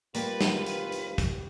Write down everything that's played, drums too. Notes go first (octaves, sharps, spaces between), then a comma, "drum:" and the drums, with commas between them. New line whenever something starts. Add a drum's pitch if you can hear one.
G3 A#3 F4 B4, drum: hi-hat
drum: snare
drum: hi-hat
drum: hi-hat
drum: kick, hi-hat